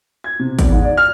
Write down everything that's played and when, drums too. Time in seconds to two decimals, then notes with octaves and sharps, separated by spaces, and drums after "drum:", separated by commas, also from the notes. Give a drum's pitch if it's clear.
0.24 G#6
0.40 C3
0.59 E2, drum: kick, hi-hat
0.72 G#2
0.84 D5
0.97 F6